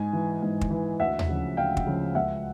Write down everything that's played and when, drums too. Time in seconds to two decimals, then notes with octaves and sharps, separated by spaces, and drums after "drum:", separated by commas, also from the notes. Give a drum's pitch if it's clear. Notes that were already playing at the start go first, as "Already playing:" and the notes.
Already playing: G#2 G#5
0.13 E3
0.42 G#2
0.61 drum: kick
0.71 E3
1.00 D2 E5 F#5
1.19 drum: tom D#2
1.29 C#3 F3
1.57 D2 F5 G5
1.77 drum: kick
1.86 C#3 F3
2.15 C#2 E5 F#5